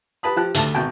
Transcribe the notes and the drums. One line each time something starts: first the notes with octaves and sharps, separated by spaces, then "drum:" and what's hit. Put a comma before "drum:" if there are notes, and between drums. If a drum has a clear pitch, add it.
G4 B4 A5 B5 D#6
F3 G4 A5 F#6
D2 A3 A4 A5, drum: hi-hat
G#1 B2 G5 A5